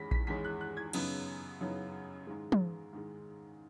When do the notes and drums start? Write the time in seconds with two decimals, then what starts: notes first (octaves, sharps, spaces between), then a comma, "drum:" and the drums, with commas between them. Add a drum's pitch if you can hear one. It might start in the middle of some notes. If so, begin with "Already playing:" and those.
Already playing: E2 D#3 G#3 C#4 B5 A#6 B6
0.11 B6, drum: kick A#1
0.27 E2 D#3 G#3 C#4 B6
0.44 F#6
0.61 F#6
0.77 G#6
0.93 F#2 C#3 F#3 B3 D#4, drum: cymbal
1.61 F#2 C#3 F#3 B3 D#4
2.27 G#2 D#3 G#3
2.52 drum: tom
2.93 G#2 D#3 G#3